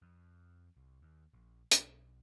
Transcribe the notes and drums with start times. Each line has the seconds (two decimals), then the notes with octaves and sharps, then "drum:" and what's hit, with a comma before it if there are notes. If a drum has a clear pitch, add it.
0.02 F2
0.77 C2
1.02 D#2
1.34 A#1
1.71 B1, drum: hi-hat